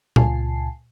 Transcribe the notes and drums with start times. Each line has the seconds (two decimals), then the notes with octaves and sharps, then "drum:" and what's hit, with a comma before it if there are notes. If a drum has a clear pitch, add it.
0.16 C#2 A#2 F4 G#5 A5 C7, drum: tom A#2